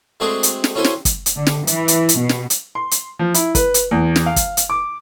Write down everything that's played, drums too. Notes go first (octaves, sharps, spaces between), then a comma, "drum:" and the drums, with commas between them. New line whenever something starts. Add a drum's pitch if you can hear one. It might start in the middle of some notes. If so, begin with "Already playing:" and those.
G#3 A3 C4 D4 F#4 G#4
drum: hi-hat
drum: snare
C#4 E4 F#4 A4 C5 G#5
drum: snare
drum: kick, hi-hat
drum: hi-hat
D3
drum: snare
E3, drum: hi-hat
drum: hi-hat
drum: hi-hat
B2
drum: snare
drum: hi-hat
C6
drum: hi-hat
F3
E4, drum: hi-hat
B4, drum: kick, hi-hat
drum: hi-hat
E2
drum: snare
F5
drum: kick, hi-hat
drum: hi-hat
D6